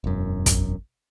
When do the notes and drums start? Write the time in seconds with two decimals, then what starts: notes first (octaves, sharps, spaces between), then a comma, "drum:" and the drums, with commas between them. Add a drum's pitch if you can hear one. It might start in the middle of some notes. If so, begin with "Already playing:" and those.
0.04 E1 F#2
0.46 drum: kick, hi-hat